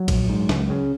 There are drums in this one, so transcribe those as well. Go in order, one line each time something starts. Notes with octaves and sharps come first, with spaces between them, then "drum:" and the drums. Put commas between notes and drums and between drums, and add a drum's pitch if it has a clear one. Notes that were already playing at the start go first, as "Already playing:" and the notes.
Already playing: F#3
A#1, drum: kick A#1, cymbal
G#2
C#2, drum: snare
C#3